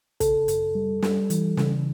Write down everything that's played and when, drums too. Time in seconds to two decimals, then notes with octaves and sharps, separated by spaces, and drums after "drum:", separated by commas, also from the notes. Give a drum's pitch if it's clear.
0.20 C#3 A4, drum: kick, hi-hat
0.48 F#2, drum: hi-hat
0.75 G3
1.02 G3, drum: snare
1.30 E3, drum: hi-hat
1.57 C#3, drum: snare